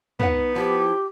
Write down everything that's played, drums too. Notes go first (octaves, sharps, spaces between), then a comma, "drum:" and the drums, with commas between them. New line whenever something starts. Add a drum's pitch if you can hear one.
B3 D#4 B4 F#5, drum: tom
F3 E4 G4